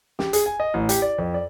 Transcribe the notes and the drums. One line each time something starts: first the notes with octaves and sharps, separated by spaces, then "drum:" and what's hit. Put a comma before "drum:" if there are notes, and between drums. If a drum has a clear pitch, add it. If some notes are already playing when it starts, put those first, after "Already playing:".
G4, drum: snare
G#4, drum: hi-hat
G#5
D#5
A1
G4, drum: hi-hat
D5
F2
D5